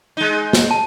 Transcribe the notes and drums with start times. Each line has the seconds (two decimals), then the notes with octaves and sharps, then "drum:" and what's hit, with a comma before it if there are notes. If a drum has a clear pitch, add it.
0.17 G#3 D#4
0.53 drum: snare
0.71 A5